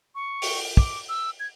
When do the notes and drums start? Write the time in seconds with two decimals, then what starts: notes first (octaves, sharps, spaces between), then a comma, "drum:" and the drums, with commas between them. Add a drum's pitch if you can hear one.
0.15 C#6
0.42 drum: open hi-hat
0.77 D6, drum: kick
1.09 E6
1.40 G#6